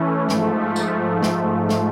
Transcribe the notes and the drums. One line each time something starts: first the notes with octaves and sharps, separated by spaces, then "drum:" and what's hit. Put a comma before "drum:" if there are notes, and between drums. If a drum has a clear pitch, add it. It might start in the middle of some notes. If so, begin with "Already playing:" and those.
Already playing: E3 A3 C#4
G#2 F3 A3, drum: snare
drum: tambourine
drum: snare
drum: snare